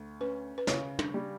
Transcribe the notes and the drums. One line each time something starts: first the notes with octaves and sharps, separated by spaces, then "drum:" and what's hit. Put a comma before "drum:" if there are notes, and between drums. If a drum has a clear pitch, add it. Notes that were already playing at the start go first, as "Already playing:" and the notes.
Already playing: D2
C#4 B4
B4
C#3 C#5, drum: snare
D4, drum: tom
G3